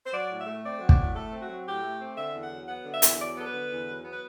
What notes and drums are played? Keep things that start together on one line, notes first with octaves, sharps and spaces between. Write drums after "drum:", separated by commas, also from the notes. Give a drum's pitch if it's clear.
C5
F#3 D5
A2
E5
A3
C4 D5
F#3
D5, drum: kick
A2
A3 A4
C4
F#4
F#3
A2 G4
A3
C4
D3 E5
E2
F#5
F#3
B3 F#5
D3
E5
E2, drum: hi-hat
F#3 D5
B3 A4
B4
D3
E2
F#3
B3
B4